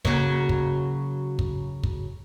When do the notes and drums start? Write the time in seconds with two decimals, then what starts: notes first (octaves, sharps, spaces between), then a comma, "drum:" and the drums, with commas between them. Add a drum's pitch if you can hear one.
0.05 C#3 F#3 A#3, drum: kick
0.49 drum: kick
1.39 drum: kick
1.83 drum: kick